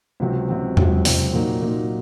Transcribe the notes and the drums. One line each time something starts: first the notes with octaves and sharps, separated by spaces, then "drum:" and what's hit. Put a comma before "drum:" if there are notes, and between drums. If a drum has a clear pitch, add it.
C#2 C3 F#3 C4
C#2 C3 F#3 C4
C#2 C3 F#3 C4, drum: tom E2
C#2 C3 F#3 C4, drum: open hi-hat
A#2 F#3 A#3 D#4
A#2 F#3 A#3 D#4